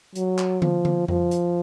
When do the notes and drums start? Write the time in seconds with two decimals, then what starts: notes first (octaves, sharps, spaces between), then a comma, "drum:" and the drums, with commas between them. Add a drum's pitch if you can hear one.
0.15 F#3, drum: hi-hat
0.39 drum: clap
0.62 F3, drum: tom D3
0.85 drum: tom D3
1.08 F3, drum: tom F2
1.31 drum: hi-hat